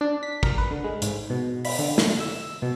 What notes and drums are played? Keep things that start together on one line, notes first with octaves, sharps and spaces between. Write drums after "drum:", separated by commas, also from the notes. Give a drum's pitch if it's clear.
D4
B6
A#4, drum: kick
B4
D3
G#3
G#2, drum: hi-hat
B2
B5, drum: open hi-hat
D3
drum: snare
E6
B2